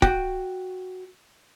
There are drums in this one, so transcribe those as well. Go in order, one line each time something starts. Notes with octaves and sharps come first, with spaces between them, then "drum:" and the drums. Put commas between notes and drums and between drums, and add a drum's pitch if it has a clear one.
F#4 G5, drum: kick